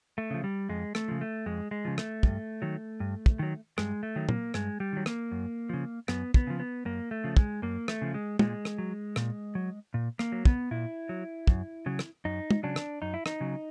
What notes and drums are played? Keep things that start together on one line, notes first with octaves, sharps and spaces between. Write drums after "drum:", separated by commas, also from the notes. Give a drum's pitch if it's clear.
A3
C#3 F3
G3
F2 G#3
A3, drum: rim click
C#3 F3
A3
F2 G#3
G#3
C#3 F3
A3, drum: rim click
G2, drum: kick
D#3 F#3
G2
drum: kick
D#3 F#3
G2 G#3, drum: rim click
A3
D#3 F#3
A#3, drum: tom
G2 G#3, drum: rim click
G3
D#3 F#3
A#3, drum: rim click
F#2
C#3 F3
F#2 B3, drum: rim click
B3, drum: kick
C#3 F3
B3
F#2 A#3
A3
C#3 F3
G#3, drum: kick
F#2 A#3
A3, drum: rim click
C#3 F3
G#3
A#2 G#3, drum: tom
drum: rim click
F#3
A#2, drum: rim click
F#3
A#2
A#3, drum: rim click
F#3
B3, drum: kick
A#2 E4
F#3
F#2, drum: kick
C#3 F#3
drum: rim click
F#2 D#4
drum: tom
C#3 F#3 D4
drum: rim click
F#2 D#4
E4
D#4, drum: rim click
C#3 F#3